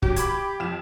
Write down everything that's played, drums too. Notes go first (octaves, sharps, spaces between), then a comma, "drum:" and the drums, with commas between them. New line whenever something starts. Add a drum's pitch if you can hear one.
F#3 G4, drum: kick
B5 D6 G#6, drum: hi-hat
F2 E7